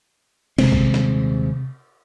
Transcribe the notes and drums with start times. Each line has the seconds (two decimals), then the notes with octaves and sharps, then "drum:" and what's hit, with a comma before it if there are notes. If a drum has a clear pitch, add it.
0.58 D#1 C3 G#3 C4, drum: cymbal
0.72 drum: kick
0.94 drum: snare